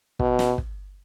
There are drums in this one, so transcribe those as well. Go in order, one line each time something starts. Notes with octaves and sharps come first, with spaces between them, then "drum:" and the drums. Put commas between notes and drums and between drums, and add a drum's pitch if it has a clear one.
B2, drum: kick
drum: snare
drum: kick